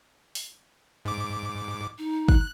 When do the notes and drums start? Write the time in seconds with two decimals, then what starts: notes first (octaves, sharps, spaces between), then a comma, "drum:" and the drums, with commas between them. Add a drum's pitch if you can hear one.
0.35 drum: open hi-hat
1.05 G#2 D6
1.98 D#4
2.28 F#6, drum: kick